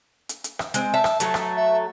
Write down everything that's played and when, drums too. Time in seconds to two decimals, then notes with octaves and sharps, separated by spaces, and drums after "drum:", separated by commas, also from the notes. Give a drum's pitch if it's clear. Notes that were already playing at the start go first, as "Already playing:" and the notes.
0.29 drum: hi-hat
0.44 drum: hi-hat
0.59 drum: rim click
0.74 G#3 C4, drum: hi-hat
0.94 E5 A5
1.04 drum: rim click
1.20 F#3 A3, drum: hi-hat
1.34 drum: rim click
1.57 E5